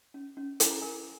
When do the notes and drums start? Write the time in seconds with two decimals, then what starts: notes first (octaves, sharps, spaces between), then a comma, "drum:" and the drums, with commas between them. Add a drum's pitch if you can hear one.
0.14 C#4
0.37 C#4
0.60 E4 G#5, drum: hi-hat
0.71 A#5
0.82 A#4 G#5